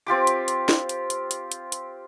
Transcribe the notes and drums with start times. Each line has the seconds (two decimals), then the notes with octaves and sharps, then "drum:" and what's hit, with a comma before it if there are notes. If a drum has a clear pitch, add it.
0.07 C4 F4 G4 D6
0.27 drum: hi-hat
0.48 drum: hi-hat
0.69 drum: snare
0.89 drum: hi-hat
1.10 drum: hi-hat
1.31 drum: hi-hat
1.52 drum: hi-hat
1.72 drum: hi-hat